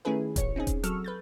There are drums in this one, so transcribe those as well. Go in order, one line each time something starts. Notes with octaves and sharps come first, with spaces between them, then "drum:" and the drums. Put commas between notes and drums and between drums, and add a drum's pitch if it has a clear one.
D#3 A3 C#4 E4 G#4 B4
A1 C#5 C#7, drum: kick D#1, hi-hat
C4 C#4 D#4 G#4
drum: kick D#1, hi-hat
F#3 A4 C#6 E6 F6, drum: hi-hat
B4 G6 A6